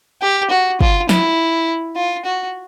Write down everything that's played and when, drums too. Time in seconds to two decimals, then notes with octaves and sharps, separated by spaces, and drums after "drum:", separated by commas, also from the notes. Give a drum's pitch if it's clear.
0.22 G4
0.50 F#4
0.81 F4, drum: kick
1.09 E4, drum: snare
1.96 F4
2.25 F#4